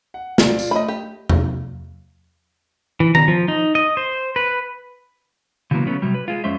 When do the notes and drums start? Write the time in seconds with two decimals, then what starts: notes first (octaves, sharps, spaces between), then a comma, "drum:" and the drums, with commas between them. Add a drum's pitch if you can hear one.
0.14 F#5
0.38 F4 D5, drum: snare
0.59 drum: tambourine
0.71 A3 D#5 B5
0.88 G4
1.29 drum: tom E2
3.00 E3
3.15 A#5, drum: tom D#3
3.28 F3
3.48 D#4
3.75 D#5
3.97 C5
4.36 B4
5.71 C#3 E3 F#3 G#3 A#3 B3
5.86 C#3 F#3 A3 B3 C#4
6.02 C3 F#3 G3
6.14 B4
6.28 G#3 F4
6.44 F2 G#3 C#4 C5 E5